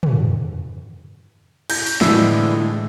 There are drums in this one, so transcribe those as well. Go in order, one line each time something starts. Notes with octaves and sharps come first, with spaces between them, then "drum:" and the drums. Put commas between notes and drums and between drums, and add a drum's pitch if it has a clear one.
drum: tom
G6, drum: cymbal
drum: open hi-hat
A2 D3 E3 G#3 E6, drum: snare